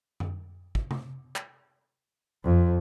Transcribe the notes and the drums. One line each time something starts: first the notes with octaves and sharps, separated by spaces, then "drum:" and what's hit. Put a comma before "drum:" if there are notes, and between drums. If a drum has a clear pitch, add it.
drum: tom F#2
drum: kick
drum: tom C3
drum: clap
F2